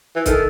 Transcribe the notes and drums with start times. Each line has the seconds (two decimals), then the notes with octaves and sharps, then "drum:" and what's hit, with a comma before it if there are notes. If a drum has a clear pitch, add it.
0.16 E3
0.26 D#3 A4, drum: kick, hi-hat